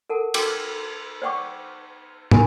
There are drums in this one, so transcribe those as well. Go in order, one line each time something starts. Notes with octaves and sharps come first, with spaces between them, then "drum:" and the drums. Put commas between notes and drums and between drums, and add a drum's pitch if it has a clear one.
A4 A#4 F#5 A5
D#4 F#4 A4 G5 D6, drum: cymbal
C5 D5 F#5 G5 C#6 D6
E4 G4 A#4 G#5 B5 D#6, drum: tom